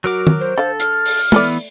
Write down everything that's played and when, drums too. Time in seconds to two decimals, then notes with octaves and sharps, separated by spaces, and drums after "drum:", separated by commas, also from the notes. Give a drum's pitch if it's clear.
0.04 F#3 F#4 A#4 D6
0.27 drum: tom
0.40 C5
0.58 D3 A4 F5
0.80 F6, drum: hi-hat
1.06 drum: open hi-hat
1.32 E3 A3 B3 A4 D5, drum: tom